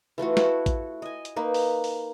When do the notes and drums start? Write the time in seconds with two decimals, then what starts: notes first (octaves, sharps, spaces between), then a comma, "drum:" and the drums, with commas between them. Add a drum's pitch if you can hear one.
0.18 E3 A3 F4 F#4
0.37 E4 F#4 A4, drum: snare
0.66 drum: kick A1, hi-hat
1.02 D#5 G#5
1.25 drum: hi-hat
1.36 A#3 D#4 B4
1.54 drum: open hi-hat
1.84 drum: open hi-hat